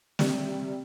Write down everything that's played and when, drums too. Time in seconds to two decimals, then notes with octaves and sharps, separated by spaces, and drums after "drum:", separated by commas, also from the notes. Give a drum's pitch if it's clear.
0.19 C3 G3, drum: snare